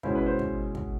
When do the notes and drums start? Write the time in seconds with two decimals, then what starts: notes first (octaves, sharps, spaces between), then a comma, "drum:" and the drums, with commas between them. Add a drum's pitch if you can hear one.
0.03 B2 G#3 C#4 E4 C5, drum: kick
0.15 B4
0.26 C5
0.39 drum: kick
0.75 drum: kick